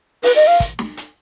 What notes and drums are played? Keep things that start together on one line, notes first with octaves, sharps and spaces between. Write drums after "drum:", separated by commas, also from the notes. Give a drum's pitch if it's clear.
B4, drum: open hi-hat
D#5
F5
drum: kick, hi-hat
drum: snare
drum: hi-hat